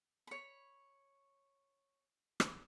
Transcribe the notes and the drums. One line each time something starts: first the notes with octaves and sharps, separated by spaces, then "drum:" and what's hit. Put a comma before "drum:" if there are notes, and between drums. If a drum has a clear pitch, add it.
C#5 B5
drum: rim click